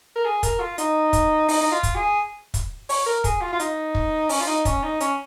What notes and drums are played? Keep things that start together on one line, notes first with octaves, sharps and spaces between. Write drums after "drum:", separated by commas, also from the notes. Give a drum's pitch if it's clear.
A#4
G#4
A#4, drum: kick, hi-hat
F4
D#4, drum: hi-hat
drum: kick, hi-hat
D#4, drum: open hi-hat
D#4
F4
drum: kick, hi-hat
G#4
drum: kick, hi-hat
C#5, drum: open hi-hat
A#4
G#4, drum: kick, hi-hat
F4
F4
D#4, drum: hi-hat
drum: kick
C#4, drum: open hi-hat
F4
D#4
C#4, drum: kick, hi-hat
D#4
C#4, drum: hi-hat